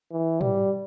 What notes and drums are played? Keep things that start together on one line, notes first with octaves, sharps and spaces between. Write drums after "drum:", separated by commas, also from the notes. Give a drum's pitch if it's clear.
E3
G3, drum: tom